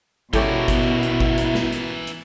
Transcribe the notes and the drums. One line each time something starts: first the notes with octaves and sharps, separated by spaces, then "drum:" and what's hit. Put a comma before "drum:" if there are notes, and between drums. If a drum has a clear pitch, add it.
B2 E3 C#4 E4 G4 A4 A#4, drum: kick, hi-hat
drum: kick, hi-hat
drum: hi-hat
drum: kick
drum: hi-hat
drum: snare
drum: hi-hat
drum: hi-hat